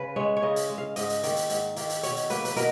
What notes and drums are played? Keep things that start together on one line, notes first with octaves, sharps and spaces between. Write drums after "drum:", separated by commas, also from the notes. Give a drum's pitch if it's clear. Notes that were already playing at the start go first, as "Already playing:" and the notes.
Already playing: C#3 B4
G#3 C#5
C#5
C#3 D#5
drum: hi-hat
G#3
F5
G#2 D#5, drum: hi-hat
drum: hi-hat
D#3 A#3, drum: hi-hat
drum: hi-hat
G#2, drum: hi-hat
D#3 A#3, drum: hi-hat
drum: hi-hat
B2 C#5, drum: hi-hat
drum: hi-hat
F#3 A#3 B4, drum: hi-hat
B4, drum: hi-hat
B2 A#4, drum: hi-hat